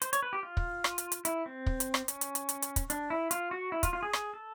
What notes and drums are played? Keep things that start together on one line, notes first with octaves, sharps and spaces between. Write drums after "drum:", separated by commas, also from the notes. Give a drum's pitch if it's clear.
C5, drum: hi-hat
C#5, drum: hi-hat
B4
G4
F4
drum: kick
drum: rim click
drum: hi-hat
drum: hi-hat
E4, drum: hi-hat
C4
drum: kick
drum: hi-hat
drum: rim click
C#4, drum: hi-hat
drum: hi-hat
drum: hi-hat
drum: hi-hat
drum: hi-hat
drum: kick, hi-hat
D4, drum: hi-hat
E4
F4, drum: hi-hat
F#4
E4
F4, drum: kick, hi-hat
F4
G#4
G#4, drum: rim click
A4